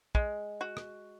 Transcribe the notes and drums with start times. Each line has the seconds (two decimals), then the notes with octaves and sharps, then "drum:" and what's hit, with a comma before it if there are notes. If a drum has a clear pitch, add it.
0.15 G#3, drum: kick
0.61 F#4
0.77 drum: rim click